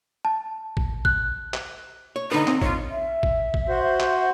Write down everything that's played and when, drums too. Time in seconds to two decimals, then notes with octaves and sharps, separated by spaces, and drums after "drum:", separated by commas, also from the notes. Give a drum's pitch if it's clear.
0.25 A5
0.77 drum: kick A1
1.05 F#6, drum: kick A1
1.54 drum: clap
2.16 C#5
2.32 D3 D#4 B4
2.47 C4, drum: clap
2.62 F4 C#5, drum: kick A1
2.89 E5
3.23 drum: kick A1
3.54 drum: kick A1
3.69 F#4 C5
4.00 drum: clap